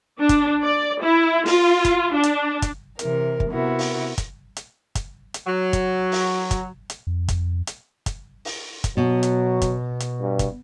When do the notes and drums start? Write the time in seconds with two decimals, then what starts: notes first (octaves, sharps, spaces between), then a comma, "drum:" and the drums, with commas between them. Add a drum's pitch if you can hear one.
0.19 D4
0.29 drum: kick, hi-hat
0.62 D5
1.02 E4
1.46 F4, drum: open hi-hat
1.85 drum: kick, hi-hat
2.14 D4
2.23 drum: hi-hat
2.62 drum: kick, hi-hat
2.99 C3 E3 A#4, drum: hi-hat
3.40 drum: kick
3.49 C3 B3 E4 F#4 A#4
3.79 drum: open hi-hat
4.18 drum: kick, hi-hat
4.57 drum: hi-hat
4.95 drum: kick, hi-hat
5.34 drum: hi-hat
5.47 F#3
5.73 drum: kick, hi-hat
6.12 drum: open hi-hat
6.51 drum: kick, hi-hat
6.90 drum: hi-hat
7.07 F2
7.28 drum: kick, hi-hat
7.67 drum: hi-hat
8.06 drum: kick, hi-hat
8.45 drum: open hi-hat
8.84 drum: kick, hi-hat
8.97 B2 F#3
9.23 drum: hi-hat
9.62 drum: kick, hi-hat
10.00 drum: hi-hat
10.21 G2
10.39 drum: kick, hi-hat